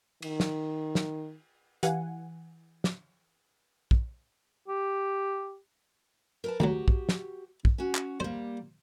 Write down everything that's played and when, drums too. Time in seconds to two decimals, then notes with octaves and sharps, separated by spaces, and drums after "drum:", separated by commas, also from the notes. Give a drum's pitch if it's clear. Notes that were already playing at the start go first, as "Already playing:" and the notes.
0.22 D#3, drum: cymbal
0.40 drum: snare
0.95 drum: snare
1.83 E3 G4 B4 F5 F#5 G#5, drum: hi-hat
2.84 drum: snare
3.91 drum: kick
4.68 G4
6.44 A#4 B4 A5
6.60 D2 F#3 F#4 G4, drum: tom
6.88 drum: kick
7.09 drum: snare
7.65 drum: kick
7.78 C#4 F#4
7.95 drum: clap
8.20 G3 A#3 C5